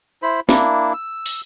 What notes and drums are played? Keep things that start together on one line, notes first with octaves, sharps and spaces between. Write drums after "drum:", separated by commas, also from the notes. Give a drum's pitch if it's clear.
E4 C5 B5
A#3 D4 E4, drum: snare
E6
drum: open hi-hat